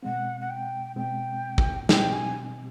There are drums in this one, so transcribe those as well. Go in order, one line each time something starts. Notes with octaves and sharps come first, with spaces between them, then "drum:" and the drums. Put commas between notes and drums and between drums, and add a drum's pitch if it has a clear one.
B2 G#3 C4 F#5
F#5
G5
B2 G#3 C4 G5
drum: kick
B2 G3 C4 G5, drum: snare
G#5